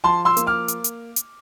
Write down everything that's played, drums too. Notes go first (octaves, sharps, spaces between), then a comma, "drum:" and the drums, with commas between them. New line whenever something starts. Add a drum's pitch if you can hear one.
F3 A5 C6
C6 E6
A#3, drum: hi-hat
D6 F6
drum: hi-hat
drum: hi-hat
drum: hi-hat